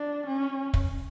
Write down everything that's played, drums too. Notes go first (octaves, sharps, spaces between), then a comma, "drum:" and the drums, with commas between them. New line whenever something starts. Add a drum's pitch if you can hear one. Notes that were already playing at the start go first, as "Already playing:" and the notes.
Already playing: D4
C#4
drum: kick